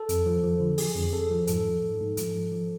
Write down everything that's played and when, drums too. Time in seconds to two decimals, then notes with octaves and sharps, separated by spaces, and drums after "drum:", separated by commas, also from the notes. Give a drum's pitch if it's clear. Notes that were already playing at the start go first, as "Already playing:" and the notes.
Already playing: A4
0.09 F2, drum: hi-hat
0.26 F3
0.43 F3
0.60 D3
0.78 F3 G#4, drum: open hi-hat
0.95 F2
1.12 F2 A4
1.30 F3
1.47 G#2 A4, drum: hi-hat
1.65 F3
1.83 G#2
2.01 G#2
2.17 F3, drum: hi-hat
2.35 F3
2.52 F3